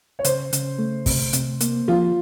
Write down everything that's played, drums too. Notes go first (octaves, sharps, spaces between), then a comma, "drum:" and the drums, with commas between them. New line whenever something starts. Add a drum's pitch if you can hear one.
C#5
C#3 C5, drum: hi-hat
C#3, drum: hi-hat
A3
C3, drum: kick, open hi-hat
C3, drum: hi-hat
A#3, drum: hi-hat
F3 F4